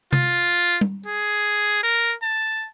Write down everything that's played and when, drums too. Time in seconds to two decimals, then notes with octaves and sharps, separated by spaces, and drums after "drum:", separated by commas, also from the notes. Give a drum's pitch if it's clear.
0.13 F4, drum: tom C3
0.81 drum: tom G3
1.06 G#4
1.84 A#4
2.22 A5